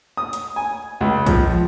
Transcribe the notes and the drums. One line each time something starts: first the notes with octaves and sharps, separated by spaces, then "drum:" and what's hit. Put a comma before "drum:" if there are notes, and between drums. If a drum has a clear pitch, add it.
D#6
drum: hi-hat
G#5
C#2
F3, drum: kick A#1, hi-hat